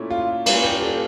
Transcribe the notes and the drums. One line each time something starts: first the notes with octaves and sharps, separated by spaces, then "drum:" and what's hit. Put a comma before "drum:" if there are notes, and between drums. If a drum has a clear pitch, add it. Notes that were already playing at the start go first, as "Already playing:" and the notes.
Already playing: A#2 A3 C#4 E4
F4
A#2 G3 A#3 C#4 F4, drum: cymbal
G4
A4